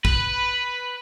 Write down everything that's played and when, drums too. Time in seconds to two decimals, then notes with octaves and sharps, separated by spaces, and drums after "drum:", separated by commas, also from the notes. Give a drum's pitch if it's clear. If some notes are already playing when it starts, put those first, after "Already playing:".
0.05 B4, drum: kick